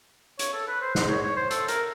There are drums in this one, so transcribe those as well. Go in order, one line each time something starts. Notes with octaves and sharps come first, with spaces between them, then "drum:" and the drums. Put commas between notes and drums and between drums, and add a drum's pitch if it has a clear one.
C#5, drum: hi-hat
A4
B4
C5
C5, drum: snare
C#5
C#5
C5
A4, drum: hi-hat
A#4, drum: hi-hat